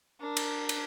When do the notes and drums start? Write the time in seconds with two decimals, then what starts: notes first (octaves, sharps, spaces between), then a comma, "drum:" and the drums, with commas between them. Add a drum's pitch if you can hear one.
0.20 D4 A#4
0.37 drum: cymbal
0.69 drum: cymbal